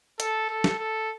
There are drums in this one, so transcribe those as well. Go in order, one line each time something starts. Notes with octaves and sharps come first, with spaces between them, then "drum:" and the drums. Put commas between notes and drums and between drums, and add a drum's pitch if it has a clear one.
A4, drum: hi-hat
A4
drum: snare
A4